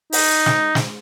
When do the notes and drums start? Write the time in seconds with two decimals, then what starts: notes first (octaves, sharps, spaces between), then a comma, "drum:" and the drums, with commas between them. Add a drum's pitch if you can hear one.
0.12 D#4, drum: open hi-hat
0.46 drum: snare
0.75 drum: snare